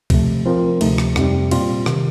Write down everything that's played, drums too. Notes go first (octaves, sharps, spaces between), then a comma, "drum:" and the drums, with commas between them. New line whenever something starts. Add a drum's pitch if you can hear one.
C3 F3 A3, drum: kick C2, cymbal
F3 C4 F4 A#4
D2 C3 F3 A3 D#4, drum: cymbal
drum: rim click
F2 C3 G3, drum: rim click
A#2 G3 C4 F4, drum: cymbal
C3 D#3, drum: rim click